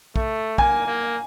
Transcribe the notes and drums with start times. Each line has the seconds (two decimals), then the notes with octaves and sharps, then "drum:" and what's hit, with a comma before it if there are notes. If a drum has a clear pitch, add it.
0.16 A3, drum: kick
0.58 A#3 G#5, drum: kick
0.87 A#3